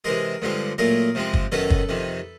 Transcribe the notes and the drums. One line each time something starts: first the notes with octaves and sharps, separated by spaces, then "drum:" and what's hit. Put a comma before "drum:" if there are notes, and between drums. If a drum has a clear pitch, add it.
C3 E3 G#3 G#4 A#4
G2 D3 F3 G#3 C4
A#2 F#3 A3 G#4 A#4
C3 F3 G#3 C4
drum: kick
F#2 D#3 F#3 B3 A4 B4
drum: kick
F2 C3 D#3